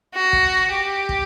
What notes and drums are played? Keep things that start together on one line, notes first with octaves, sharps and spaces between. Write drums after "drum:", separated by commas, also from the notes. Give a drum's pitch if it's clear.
F#4
drum: kick
G4
drum: kick